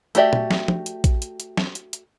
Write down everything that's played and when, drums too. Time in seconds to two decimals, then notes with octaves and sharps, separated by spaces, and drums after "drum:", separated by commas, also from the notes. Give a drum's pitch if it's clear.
0.15 A3 F#4 G4 D5 E5, drum: hi-hat
0.33 drum: tom A#2
0.51 drum: snare
0.68 drum: tom F3
0.86 drum: hi-hat
1.04 drum: kick, hi-hat
1.22 drum: hi-hat
1.40 drum: hi-hat
1.57 drum: snare
1.75 drum: hi-hat
1.93 drum: hi-hat